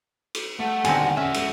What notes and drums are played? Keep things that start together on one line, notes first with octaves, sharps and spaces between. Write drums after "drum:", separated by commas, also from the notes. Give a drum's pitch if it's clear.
drum: cymbal
A3 F#5
D#2 B2 D3 C4 F#4 G#5, drum: cymbal
C#4 F#4 E5
drum: cymbal